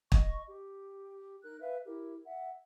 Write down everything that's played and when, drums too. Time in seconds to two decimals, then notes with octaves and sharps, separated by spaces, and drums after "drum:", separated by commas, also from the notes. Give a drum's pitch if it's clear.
0.12 D#5 C#6, drum: kick
0.49 G4
1.42 D#4 A#4 F#6
1.60 B4 E5 F5
1.86 E4 G4 A#4
2.24 E5 F#5